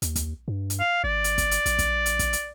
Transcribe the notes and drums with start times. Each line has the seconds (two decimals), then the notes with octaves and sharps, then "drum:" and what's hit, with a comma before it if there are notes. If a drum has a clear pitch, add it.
0.02 D#2, drum: hi-hat
0.16 drum: kick, hi-hat
0.48 G2
0.70 drum: hi-hat
0.80 F5
1.04 G#1 D5
1.24 drum: hi-hat
1.38 drum: kick, hi-hat
1.51 drum: hi-hat
1.66 A#1, drum: hi-hat
1.79 drum: kick, hi-hat
2.06 drum: hi-hat
2.19 drum: kick, hi-hat
2.33 drum: hi-hat